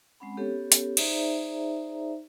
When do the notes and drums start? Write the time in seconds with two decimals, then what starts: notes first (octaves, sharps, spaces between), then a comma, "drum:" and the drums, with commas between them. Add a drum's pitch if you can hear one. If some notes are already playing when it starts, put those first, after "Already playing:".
0.20 G#3 C4 C#4 F#5 B5
0.37 B3 C#4 G4 A4 C#5
0.72 drum: hi-hat
0.97 D#4 G#4 C5 D5 E5 A#5, drum: cymbal